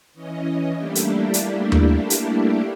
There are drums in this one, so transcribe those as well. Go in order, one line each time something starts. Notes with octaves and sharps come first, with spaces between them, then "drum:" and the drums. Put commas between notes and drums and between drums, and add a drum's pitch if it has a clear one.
E3 C#4 D#5
G3 A3 A#3 D4 E4 G4
drum: hi-hat
drum: hi-hat
drum: tom D#2
drum: hi-hat